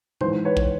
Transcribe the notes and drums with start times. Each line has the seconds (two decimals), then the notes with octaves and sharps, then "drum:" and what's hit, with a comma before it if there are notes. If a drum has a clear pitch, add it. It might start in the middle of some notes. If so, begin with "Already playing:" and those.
0.21 G#2 E3 C5, drum: tom A2
0.45 B4 C#5
0.57 drum: kick